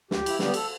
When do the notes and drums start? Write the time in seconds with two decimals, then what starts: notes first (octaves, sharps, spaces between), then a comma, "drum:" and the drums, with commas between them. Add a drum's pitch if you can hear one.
0.11 D2 G4, drum: snare
0.26 E4, drum: cymbal
0.39 D3 G3 B3 G4, drum: snare
0.54 A4, drum: cymbal